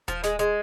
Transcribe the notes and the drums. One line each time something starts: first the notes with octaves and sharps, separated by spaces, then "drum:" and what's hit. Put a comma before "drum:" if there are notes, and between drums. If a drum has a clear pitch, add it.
F3, drum: kick D#1, hi-hat
G#3, drum: snare
G#3, drum: hi-hat